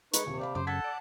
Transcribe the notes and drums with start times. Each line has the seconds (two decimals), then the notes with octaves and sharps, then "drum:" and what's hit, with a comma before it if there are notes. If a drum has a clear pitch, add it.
0.14 G#3 D#4 B4 C#5, drum: hi-hat
0.26 D#1 C3
0.39 G4 D5 F5 B5
0.55 F#2 C#3 C5 D6
0.67 A4 F#5 A5 G#6 B6
0.84 D5